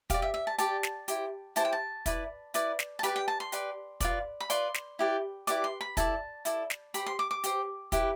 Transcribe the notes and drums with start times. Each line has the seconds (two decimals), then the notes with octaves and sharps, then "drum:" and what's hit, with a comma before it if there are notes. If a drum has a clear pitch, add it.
0.10 G4 D5 F5, drum: kick, hi-hat
0.22 E5
0.34 E5
0.47 A5
0.58 G4 D5 A5, drum: hi-hat
0.83 drum: snare
1.08 E4 G4 C5, drum: hi-hat
1.56 E4 G4 C5 A5, drum: hi-hat
1.65 G5
1.73 A5
2.06 E4 B4 D5, drum: kick, hi-hat
2.54 E4 B4 D5, drum: hi-hat
2.79 drum: snare
2.99 A5
3.03 G4 B4 D5 B5, drum: hi-hat
3.16 G5
3.28 A5
3.40 C6
3.52 G4 B4 D5, drum: hi-hat
4.00 F4 B4 D5, drum: kick, hi-hat
4.40 B5
4.50 F4 B4 D5 C6, drum: hi-hat
4.74 drum: snare
4.99 E4 G4 B4 D5
5.47 E4 G4 B4 D5 D6, drum: hi-hat
5.64 C6
5.81 B5
5.97 E4 A4 D5 A5, drum: kick, hi-hat
6.45 E4 A4 D5, drum: hi-hat
6.70 drum: snare
6.94 G4 C5 B5, drum: hi-hat
7.06 C6
7.19 D6
7.31 D6
7.44 G4 C5, drum: hi-hat
7.92 E4 G4 B4, drum: kick, hi-hat